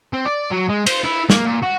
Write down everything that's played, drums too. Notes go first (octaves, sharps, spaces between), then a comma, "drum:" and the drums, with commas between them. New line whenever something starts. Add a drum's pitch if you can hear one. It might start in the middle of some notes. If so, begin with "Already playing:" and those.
C4
D5
F#3
G#3
C5, drum: cymbal
E4
A#3, drum: snare
A#2
F#4